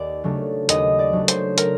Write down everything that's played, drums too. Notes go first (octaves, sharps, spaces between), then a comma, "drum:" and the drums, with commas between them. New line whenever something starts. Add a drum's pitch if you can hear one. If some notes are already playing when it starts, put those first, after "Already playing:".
Already playing: D#2 D5
C#3 F#3 A3 D4
D#2 D#5, drum: hi-hat
D5
C#3 F#3 A3 D4
C5, drum: hi-hat
A#4, drum: hi-hat